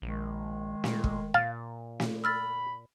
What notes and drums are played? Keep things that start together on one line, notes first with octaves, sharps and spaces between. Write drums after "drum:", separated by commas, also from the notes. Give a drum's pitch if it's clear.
A#1 D#3 G#3
A#2, drum: snare
drum: kick
A#2 F5 A6
drum: snare
B5 E6 F6 A6